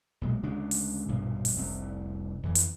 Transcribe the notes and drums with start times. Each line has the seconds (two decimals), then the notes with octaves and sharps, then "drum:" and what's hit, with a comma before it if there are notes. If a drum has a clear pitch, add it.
0.21 B1 A#2 G#3
0.43 D2 C#3 G#3 D4
0.71 drum: open hi-hat
1.08 A#1 G2 B2 F3
1.45 drum: open hi-hat
1.56 F1 C2 C4
2.43 F2 E3
2.55 drum: hi-hat